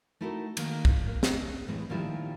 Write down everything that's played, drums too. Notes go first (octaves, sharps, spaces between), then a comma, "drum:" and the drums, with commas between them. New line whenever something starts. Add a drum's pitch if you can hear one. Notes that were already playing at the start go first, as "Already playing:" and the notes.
A3 D#4 E4 F#4 G4 A#4
D#3 A#3, drum: cymbal
drum: kick
A#3
D4 D#5, drum: snare
A2 E3 G#3
A#2 D#3 F3 G3 D4 E4